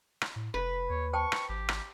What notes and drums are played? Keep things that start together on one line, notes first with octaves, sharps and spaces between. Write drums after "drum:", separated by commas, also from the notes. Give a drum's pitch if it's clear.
drum: rim click
A2
F1 B4 B5
D#2 C#5
C5 G5 A5 C#6
drum: rim click
G#1 G4
drum: rim click